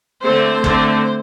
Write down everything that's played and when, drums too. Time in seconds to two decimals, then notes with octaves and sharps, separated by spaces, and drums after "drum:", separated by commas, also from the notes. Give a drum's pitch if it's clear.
0.24 D3 A3 C4 C5
0.64 D3 A3 C4, drum: kick